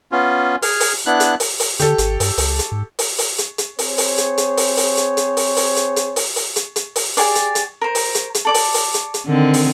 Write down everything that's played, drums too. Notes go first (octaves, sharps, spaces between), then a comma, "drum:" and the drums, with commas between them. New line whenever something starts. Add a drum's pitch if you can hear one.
B3 C#4 F4
G#4 F6, drum: open hi-hat
drum: open hi-hat
B3 D4 E4 F#6
drum: hi-hat
drum: open hi-hat
drum: open hi-hat
D3 G4 A4, drum: hi-hat
G#1, drum: hi-hat
G2, drum: open hi-hat
C#2, drum: open hi-hat
drum: hi-hat
G#2
drum: open hi-hat
drum: open hi-hat
drum: hi-hat
drum: hi-hat
C4 G#4 C5 C#5, drum: open hi-hat
drum: open hi-hat
drum: hi-hat
drum: hi-hat
drum: open hi-hat
drum: open hi-hat
drum: hi-hat
drum: hi-hat
drum: open hi-hat
drum: open hi-hat
drum: hi-hat
drum: hi-hat
drum: open hi-hat
drum: open hi-hat
drum: hi-hat
drum: hi-hat
drum: open hi-hat
G4 G#4 D5, drum: open hi-hat
drum: hi-hat
drum: hi-hat
A#4 C5
drum: open hi-hat
drum: hi-hat
drum: hi-hat
A4 D5 D6
drum: open hi-hat
drum: open hi-hat
drum: hi-hat
drum: hi-hat
D3 D#3 C4
drum: open hi-hat